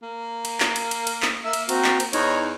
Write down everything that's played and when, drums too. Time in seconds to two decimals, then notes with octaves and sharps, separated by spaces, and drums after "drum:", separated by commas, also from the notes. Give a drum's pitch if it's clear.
0.03 A#3
0.45 drum: cymbal
0.60 drum: clap
0.76 drum: cymbal
0.91 drum: cymbal
1.07 drum: cymbal
1.22 drum: clap
1.44 A#3 E5 E6
1.53 drum: cymbal
1.69 C4 F#4 A#5, drum: cymbal
1.84 drum: clap
2.00 drum: cymbal
2.13 E2 D#4 C#5 A#5, drum: cymbal